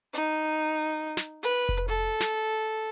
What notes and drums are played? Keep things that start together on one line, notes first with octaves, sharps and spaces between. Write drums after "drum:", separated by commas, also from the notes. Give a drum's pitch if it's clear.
D#4
drum: snare
B4
drum: kick F1
A4
drum: snare